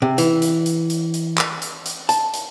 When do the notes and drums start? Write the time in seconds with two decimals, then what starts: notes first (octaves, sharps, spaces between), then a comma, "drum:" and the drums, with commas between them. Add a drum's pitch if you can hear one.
0.02 C3
0.18 E3, drum: hi-hat
0.42 drum: hi-hat
0.66 drum: hi-hat
0.90 drum: hi-hat
1.14 drum: hi-hat
1.38 drum: clap
1.62 drum: hi-hat
1.86 drum: hi-hat
2.09 A5, drum: hi-hat
2.34 drum: hi-hat